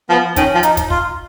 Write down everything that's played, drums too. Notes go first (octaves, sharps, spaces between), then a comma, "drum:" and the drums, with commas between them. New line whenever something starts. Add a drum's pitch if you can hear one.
F3 B3
D#3 C#4, drum: kick, hi-hat
F3
D#4, drum: hi-hat
drum: kick, hi-hat
F4, drum: kick